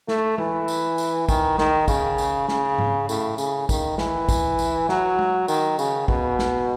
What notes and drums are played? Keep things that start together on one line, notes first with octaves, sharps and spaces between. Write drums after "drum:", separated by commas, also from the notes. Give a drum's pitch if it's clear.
A3, drum: snare
E3, drum: tom G#3
drum: tambourine
drum: tambourine
D#3, drum: kick, tambourine
D#3, drum: snare
C#3, drum: kick, tambourine
drum: tambourine
C#3, drum: snare
drum: tom G#2
A2, drum: tambourine
C#3, drum: tambourine
D#3, drum: kick, tambourine
E3, drum: snare
drum: kick, tambourine
drum: tambourine
F#3, drum: snare
drum: tom G#3
D#3, drum: tambourine
C#3, drum: tambourine
B2, drum: kick
drum: snare